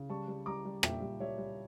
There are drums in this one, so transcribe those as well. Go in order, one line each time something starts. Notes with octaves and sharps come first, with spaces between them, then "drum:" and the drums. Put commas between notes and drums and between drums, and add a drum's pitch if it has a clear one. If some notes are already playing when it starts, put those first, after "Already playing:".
Already playing: C#3
G3 A5 C#6
G3
G3 A#5 D6
G3
A#2 E5 G5, drum: rim click
G3
G3 C#5 E5
G3